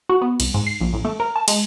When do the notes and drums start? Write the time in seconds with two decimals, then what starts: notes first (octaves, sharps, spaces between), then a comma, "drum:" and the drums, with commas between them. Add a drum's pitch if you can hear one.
0.09 F#4
0.21 B3
0.40 C2, drum: cymbal
0.54 G#2
0.67 C7
0.81 A#1
0.93 A1
1.05 A3
1.20 A#4
1.36 A5
1.48 G#3, drum: cymbal